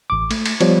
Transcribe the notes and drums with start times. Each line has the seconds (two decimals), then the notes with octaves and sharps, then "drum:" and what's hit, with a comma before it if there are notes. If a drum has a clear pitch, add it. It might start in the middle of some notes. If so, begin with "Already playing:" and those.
0.10 A1 D6
0.31 A3, drum: cymbal
0.46 drum: cymbal
0.61 F3 G3 B3 C#5, drum: cymbal